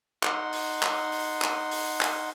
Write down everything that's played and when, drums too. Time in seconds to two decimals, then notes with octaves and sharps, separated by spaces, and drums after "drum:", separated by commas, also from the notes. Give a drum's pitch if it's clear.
0.23 D#4 F#5 C6, drum: clap
0.53 drum: open hi-hat
0.82 drum: clap
1.12 drum: open hi-hat
1.42 drum: clap
1.71 drum: open hi-hat
2.01 drum: clap